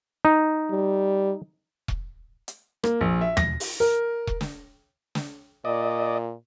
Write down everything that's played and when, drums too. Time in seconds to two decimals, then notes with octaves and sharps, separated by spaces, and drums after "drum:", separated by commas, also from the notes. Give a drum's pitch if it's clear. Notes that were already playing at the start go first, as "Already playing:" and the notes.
0.25 D#4
0.71 G3
1.88 drum: kick E1
2.48 drum: hi-hat
2.84 A#3, drum: rim click
3.01 A#1
3.21 E5
3.37 A#6, drum: tom
3.60 drum: open hi-hat
3.80 A#4
4.27 drum: kick E1
4.41 drum: snare
5.15 drum: snare
5.65 A#2 D5 D#5